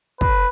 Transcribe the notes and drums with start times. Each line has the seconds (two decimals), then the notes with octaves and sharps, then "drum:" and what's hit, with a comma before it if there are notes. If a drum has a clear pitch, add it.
0.21 B4, drum: kick